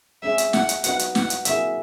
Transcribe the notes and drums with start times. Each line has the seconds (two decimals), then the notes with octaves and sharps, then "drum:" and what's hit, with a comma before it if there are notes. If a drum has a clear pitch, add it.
0.22 G#3 C#4 G#4 E5
0.38 drum: hi-hat
0.53 F#5, drum: snare
0.69 drum: hi-hat
0.84 F#3 B3 D#4 F#5, drum: hi-hat
0.99 drum: hi-hat
1.15 F#5, drum: snare
1.30 drum: hi-hat
1.45 F#3 A#3 E4 G#4 E5, drum: hi-hat